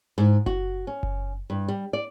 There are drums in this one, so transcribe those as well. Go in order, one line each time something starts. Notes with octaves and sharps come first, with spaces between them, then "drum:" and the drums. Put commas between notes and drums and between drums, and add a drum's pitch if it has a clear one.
G#2
F#4, drum: kick F#1
C#4
drum: kick F#1
G2
G3
D5